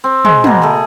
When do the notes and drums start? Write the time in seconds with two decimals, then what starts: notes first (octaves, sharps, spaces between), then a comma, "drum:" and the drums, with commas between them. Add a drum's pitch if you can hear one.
0.04 C4
0.25 G#3, drum: tom
0.44 B2 A#3, drum: tom
0.62 A3 G#4